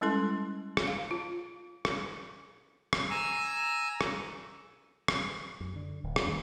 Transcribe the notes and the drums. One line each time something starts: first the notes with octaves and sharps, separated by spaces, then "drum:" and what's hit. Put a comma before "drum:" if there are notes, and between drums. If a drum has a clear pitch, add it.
G3 G#3 C#4 E4 A4 C6
drum: rim click
F5
F4
drum: rim click
drum: rim click
G#5 A#5 E6
drum: rim click
drum: rim click
F#2
D3
D1
drum: rim click
D#2